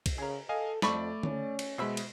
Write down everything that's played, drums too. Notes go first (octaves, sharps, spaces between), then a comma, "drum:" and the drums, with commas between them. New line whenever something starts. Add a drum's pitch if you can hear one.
drum: kick B1, cymbal
C#3 G#4 A#4
A4 D#5 F5 G#5
F2 A3 A4 D5 B5 C#6, drum: snare
C#4, drum: tom D3
drum: cymbal
B2 G#3 C5 E5 B5
drum: cymbal